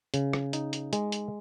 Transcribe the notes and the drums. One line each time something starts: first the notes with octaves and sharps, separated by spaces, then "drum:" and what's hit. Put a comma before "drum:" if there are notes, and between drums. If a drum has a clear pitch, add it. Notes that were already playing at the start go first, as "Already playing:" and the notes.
C#3, drum: hi-hat
drum: rim click
D#4, drum: hi-hat
drum: hi-hat
G#3, drum: hi-hat
drum: hi-hat